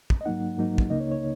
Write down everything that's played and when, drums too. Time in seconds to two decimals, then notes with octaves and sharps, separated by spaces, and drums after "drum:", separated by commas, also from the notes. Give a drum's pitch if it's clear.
0.10 drum: kick
0.21 D#5
0.25 G#2 F#3 A#3 D#4 F#5
0.58 G#2 F#3 A#3 D#4
0.78 drum: kick
0.90 C#2 C#3 A#3 D#4 D#5
1.00 C#5
1.11 C#5